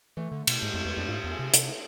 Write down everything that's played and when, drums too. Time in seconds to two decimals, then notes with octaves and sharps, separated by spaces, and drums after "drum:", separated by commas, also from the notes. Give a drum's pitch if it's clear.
0.17 E3 A3
0.32 D3
0.47 B2, drum: cymbal
0.62 G#2 G#3
0.74 F2 A3
0.85 E2 B3
0.97 F2 D4
1.08 G#2 F4
1.24 E2
1.31 G#4
1.39 C3
1.54 C3 A4, drum: hi-hat